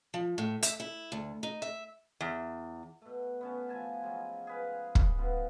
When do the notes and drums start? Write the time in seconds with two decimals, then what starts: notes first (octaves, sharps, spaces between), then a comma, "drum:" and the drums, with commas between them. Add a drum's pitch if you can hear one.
0.14 F3
0.38 A2
0.63 E5, drum: hi-hat
0.80 E4
1.12 D2
1.43 D#4
1.62 E5
2.21 E2
3.02 B2 A3
3.41 B3 C#4 A5
3.69 F3 A3 G#5 A5
4.02 F3 F#3 G#3
4.47 G#4 B4 F5
4.95 drum: kick
5.18 G#2 F3 B3